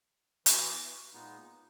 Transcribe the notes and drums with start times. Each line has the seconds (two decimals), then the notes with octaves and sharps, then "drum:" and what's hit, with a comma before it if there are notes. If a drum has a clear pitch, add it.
0.46 E3 B3 F#4, drum: hi-hat
1.13 A#2 G#3 B3 D#4